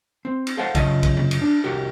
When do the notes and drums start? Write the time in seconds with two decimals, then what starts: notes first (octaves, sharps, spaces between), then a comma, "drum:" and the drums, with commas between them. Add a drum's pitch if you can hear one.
0.25 C4
0.47 drum: cymbal
0.57 A4 C5 F5 F#5 A5
0.75 F#2 C#3 F4 D#5 A5, drum: kick, cymbal
1.03 drum: kick, cymbal
1.17 drum: tom C3
1.31 drum: cymbal
1.41 D4
1.64 C2 F#4 G4 A#4